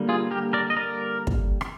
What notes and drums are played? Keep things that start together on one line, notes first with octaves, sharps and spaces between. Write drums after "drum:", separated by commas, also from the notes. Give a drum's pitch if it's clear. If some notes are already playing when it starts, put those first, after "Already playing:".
Already playing: D3 G3 A#3
F4 G#4
G4 A#4
A#4 D5
D#5
A#4 D5
drum: kick
drum: rim click